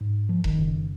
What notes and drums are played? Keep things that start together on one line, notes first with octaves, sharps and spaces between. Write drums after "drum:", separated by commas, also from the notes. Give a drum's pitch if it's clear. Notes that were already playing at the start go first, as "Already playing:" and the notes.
G#2
F3
D#3, drum: kick E1
F#2 C#3